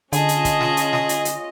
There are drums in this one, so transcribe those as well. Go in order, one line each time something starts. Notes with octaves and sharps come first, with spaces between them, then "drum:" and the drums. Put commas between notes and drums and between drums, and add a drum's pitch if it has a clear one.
D3 C#4 F4 G#4 D#5 A5, drum: hi-hat
drum: hi-hat
drum: kick, hi-hat
drum: snare
drum: hi-hat
drum: snare
drum: hi-hat
drum: hi-hat